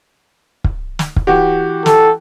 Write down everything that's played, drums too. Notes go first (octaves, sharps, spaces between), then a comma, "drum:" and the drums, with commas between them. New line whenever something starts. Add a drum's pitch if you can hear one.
drum: kick
drum: snare
drum: kick
E3 F#4 G4
A4, drum: snare